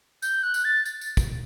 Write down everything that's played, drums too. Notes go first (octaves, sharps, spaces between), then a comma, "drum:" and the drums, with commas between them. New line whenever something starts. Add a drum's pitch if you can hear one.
G6, drum: tambourine
F#6
drum: tambourine
A6
drum: tambourine
drum: tambourine
drum: kick, tambourine